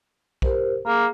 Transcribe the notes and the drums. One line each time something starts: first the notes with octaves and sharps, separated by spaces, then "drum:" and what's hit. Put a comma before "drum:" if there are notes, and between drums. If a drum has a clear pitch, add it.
G4 A#4 C5, drum: kick
A#3 G#4